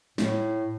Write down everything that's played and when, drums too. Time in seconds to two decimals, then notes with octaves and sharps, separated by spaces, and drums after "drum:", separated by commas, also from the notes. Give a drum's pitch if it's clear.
0.18 A2, drum: snare